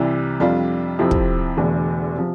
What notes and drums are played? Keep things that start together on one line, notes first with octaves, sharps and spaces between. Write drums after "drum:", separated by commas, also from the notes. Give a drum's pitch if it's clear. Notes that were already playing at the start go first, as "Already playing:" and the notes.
Already playing: C2 C3 E3 G3
F2 C3 G3 D4 F4
F2 C3 F3 C4 E4
drum: kick
E1 E2 D3 A3
C3 F3